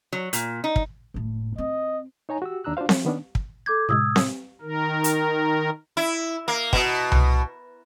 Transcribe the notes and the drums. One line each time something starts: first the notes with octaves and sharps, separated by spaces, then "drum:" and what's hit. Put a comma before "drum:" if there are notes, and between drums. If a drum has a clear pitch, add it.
F#3
A#2, drum: hi-hat
D#4
drum: kick
F#1 A2
C4 D#5
D#4 C#5 G#5 A#5
F#4 G4 E6
D#2 D4 A#5 E6 F#6
D4 F4 F#4 C5 F5
F3, drum: snare C4
D#3 B3 C#4 D4
drum: kick
A4 D6 G6 G#6
A2 C3 G#3 D#6 E6 G#6
drum: snare C4
D#3 A#4
drum: hi-hat
E4
A#3
B2, drum: kick
drum: tom C2